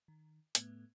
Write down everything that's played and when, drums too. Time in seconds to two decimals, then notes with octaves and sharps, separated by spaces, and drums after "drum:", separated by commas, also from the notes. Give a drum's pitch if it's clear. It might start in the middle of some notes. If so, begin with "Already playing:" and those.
0.08 D#3
0.55 A2 A3 B3 G#6, drum: hi-hat